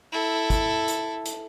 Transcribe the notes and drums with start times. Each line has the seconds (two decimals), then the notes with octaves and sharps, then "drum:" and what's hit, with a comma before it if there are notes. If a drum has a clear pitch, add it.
0.13 E4 A4
0.50 drum: kick, hi-hat
0.88 drum: hi-hat
1.25 drum: hi-hat